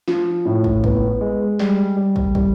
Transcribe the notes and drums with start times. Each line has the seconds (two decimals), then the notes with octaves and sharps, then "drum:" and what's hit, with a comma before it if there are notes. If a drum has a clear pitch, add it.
0.08 F3, drum: snare
0.45 A2
0.64 drum: kick
0.84 B3, drum: kick
1.21 G#3
1.59 G3, drum: snare
1.97 G3
2.16 drum: kick
2.35 G3, drum: kick